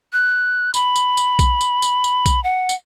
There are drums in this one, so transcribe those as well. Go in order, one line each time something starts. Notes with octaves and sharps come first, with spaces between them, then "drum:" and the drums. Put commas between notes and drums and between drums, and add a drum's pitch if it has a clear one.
F#6
B5, drum: tambourine
drum: tambourine
drum: tambourine
drum: kick B1, tambourine
drum: tambourine
drum: tambourine
drum: tambourine
drum: kick B1, tambourine
F#5
drum: tambourine